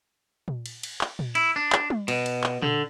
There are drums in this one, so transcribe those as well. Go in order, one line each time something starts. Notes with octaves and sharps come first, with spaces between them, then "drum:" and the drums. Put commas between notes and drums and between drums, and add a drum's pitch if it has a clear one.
drum: tom A#2
drum: cymbal
drum: cymbal
drum: clap
drum: tom A#2
E4, drum: cymbal
D4
drum: clap
drum: tom G3
B2, drum: cymbal
drum: cymbal
drum: clap
D3, drum: tom A#2